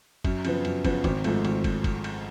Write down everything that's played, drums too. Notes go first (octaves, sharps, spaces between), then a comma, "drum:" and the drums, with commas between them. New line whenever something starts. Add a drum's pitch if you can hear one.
F#2, drum: kick, cymbal
C#3 F3 B3, drum: cymbal
F#2, drum: cymbal
C#3 F3 B3, drum: kick, cymbal
G#1, drum: kick, cymbal
G#2 F3 A3, drum: cymbal
G#1, drum: cymbal
drum: kick, cymbal
drum: kick, cymbal
drum: cymbal